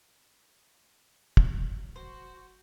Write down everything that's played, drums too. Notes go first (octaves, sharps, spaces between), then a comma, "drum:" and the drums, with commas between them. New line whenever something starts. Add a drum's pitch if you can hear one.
F#2 F#3, drum: kick
F#4 C5